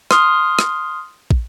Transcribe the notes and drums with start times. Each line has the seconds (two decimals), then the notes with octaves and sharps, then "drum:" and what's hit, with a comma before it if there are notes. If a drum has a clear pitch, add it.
0.11 C6 D#6 F6, drum: rim click
0.59 drum: rim click
1.31 drum: kick